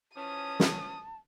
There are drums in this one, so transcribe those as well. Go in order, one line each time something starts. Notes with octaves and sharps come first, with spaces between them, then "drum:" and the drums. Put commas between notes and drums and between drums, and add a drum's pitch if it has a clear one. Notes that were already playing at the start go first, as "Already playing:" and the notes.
E3 F3 C#4 A5 D#6
drum: snare